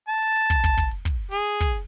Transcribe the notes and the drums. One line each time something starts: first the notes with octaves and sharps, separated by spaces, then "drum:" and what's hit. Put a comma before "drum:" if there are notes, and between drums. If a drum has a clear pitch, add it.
A5
drum: hi-hat
drum: open hi-hat
drum: kick, hi-hat
drum: kick, hi-hat
drum: kick, hi-hat
drum: hi-hat
drum: kick, hi-hat
G#4, drum: hi-hat
drum: open hi-hat
drum: kick